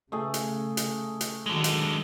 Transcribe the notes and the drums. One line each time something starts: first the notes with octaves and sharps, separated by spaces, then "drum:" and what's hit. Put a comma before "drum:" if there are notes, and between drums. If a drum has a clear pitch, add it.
C#3 A3 G#4
drum: hi-hat
drum: hi-hat
drum: hi-hat
D3 D#3 F#3 G#3
drum: hi-hat